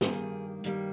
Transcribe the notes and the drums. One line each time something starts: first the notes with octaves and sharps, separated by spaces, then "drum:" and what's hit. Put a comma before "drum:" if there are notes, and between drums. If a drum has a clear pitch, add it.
G2 D#3 G3 A#3 G#4, drum: snare
G2 D#3 G3 A#3, drum: hi-hat